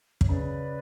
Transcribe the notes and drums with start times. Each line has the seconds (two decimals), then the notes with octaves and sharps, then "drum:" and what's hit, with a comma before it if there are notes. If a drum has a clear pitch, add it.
0.21 C#5, drum: kick
0.28 C#3 B4 D5